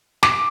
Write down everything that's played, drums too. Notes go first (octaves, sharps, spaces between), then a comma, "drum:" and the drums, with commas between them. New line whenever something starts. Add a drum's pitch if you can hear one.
D6, drum: snare